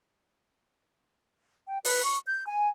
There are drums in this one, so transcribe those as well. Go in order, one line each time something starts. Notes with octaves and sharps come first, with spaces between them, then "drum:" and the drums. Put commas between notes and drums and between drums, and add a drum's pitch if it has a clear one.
G5
B4, drum: open hi-hat
C#6
G6
G#5